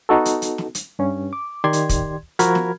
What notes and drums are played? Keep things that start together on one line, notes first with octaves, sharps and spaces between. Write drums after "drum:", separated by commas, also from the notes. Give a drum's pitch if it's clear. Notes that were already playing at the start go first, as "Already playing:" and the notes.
B3 D#4 F#4 A4
drum: hi-hat
drum: hi-hat
drum: snare
drum: hi-hat
G2 C#4
D6
D#3 G4 D5 C6 G#6
drum: hi-hat
drum: kick, hi-hat
F3 F#4 A#4 B5 F6 G#6, drum: hi-hat
drum: snare